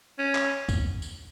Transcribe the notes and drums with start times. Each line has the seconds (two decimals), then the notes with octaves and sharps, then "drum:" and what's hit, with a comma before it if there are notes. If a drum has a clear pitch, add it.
0.19 C#4
0.35 drum: clap
0.69 drum: kick, tambourine
1.02 drum: tambourine